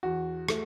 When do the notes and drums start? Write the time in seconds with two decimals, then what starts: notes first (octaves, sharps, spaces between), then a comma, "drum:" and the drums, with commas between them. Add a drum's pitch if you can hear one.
0.03 E2 F#4
0.48 A3, drum: rim click